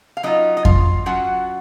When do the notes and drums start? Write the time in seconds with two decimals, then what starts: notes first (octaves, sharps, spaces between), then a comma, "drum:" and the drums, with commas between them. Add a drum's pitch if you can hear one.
0.17 F5
0.23 F#3 C#4 D#4 F4 D#5
0.57 D#5
0.65 F4 F5, drum: kick F2
1.06 F#3 C#4 F4 F#4 F#5